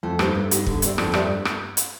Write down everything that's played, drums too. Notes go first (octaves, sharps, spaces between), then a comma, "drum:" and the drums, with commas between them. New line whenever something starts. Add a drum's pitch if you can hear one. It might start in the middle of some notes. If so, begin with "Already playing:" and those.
F2 A3
G2 D#4 G4 C5, drum: rim click
G2 A3
D#4 G4 C5, drum: hi-hat
D3, drum: kick
A3 C4 G4 D5, drum: hi-hat
F2 D3, drum: rim click
G2 A3 C4 G4 D5, drum: rim click
drum: rim click
drum: hi-hat